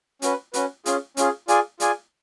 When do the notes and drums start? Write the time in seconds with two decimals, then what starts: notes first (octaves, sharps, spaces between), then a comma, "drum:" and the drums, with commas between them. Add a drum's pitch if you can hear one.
0.22 C#4 F#4 B4, drum: hi-hat
0.54 C#4 F#4 B4, drum: hi-hat
0.86 C#4 F4 G#4, drum: hi-hat
1.17 C#4 F4 G#4, drum: hi-hat
1.48 F4 G#4 D5 G#5, drum: hi-hat
1.80 F4 G#4 D5 G#5, drum: hi-hat